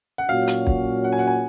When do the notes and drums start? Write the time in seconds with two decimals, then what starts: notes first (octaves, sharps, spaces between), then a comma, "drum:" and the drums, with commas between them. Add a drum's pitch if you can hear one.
0.18 F#5
0.29 A#2 F#3 C#4 F#4 F5
0.47 drum: hi-hat
0.67 drum: kick
1.04 F#5
1.12 G#5
1.19 F#5
1.27 G#5